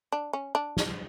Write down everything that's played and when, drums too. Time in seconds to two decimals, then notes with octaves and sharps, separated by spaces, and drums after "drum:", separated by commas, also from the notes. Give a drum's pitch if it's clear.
0.12 D4
0.33 C#4
0.55 D4
0.77 drum: snare